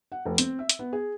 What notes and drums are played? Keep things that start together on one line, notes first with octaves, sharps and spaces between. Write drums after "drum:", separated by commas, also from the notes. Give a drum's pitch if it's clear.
F#5
F1
C4, drum: hi-hat
E5
drum: hi-hat
B3
G#4